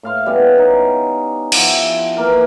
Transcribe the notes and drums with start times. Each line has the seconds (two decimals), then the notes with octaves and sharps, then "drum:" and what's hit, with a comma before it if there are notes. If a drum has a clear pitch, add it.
0.03 A2 F5 C6
0.26 G3 B3 C#4
0.58 D#4
1.52 F3 E4 G4 F#5, drum: cymbal
2.16 E3 A#3 A#4